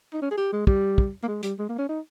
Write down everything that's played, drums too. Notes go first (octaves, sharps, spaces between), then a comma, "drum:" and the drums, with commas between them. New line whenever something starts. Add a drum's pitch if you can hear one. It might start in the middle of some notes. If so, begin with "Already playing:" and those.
D#4
C#4
G#4
G4
G#3
G3, drum: kick
drum: kick
A#3
G#3
G3, drum: hi-hat
G#3
A#3
C#4
D#4